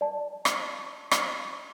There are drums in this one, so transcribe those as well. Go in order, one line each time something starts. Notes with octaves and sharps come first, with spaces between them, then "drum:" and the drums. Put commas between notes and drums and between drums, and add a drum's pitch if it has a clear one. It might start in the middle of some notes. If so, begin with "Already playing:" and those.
D5 A5
drum: rim click
drum: rim click